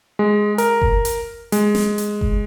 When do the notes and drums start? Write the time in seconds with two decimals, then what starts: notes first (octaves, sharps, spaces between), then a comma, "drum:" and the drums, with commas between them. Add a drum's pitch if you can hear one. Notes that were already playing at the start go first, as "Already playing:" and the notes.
0.19 G#3
0.58 A#4, drum: hi-hat
0.82 drum: kick F#1
1.05 drum: hi-hat
1.52 G#3, drum: hi-hat
1.75 drum: snare
1.98 drum: hi-hat
2.21 drum: kick F#1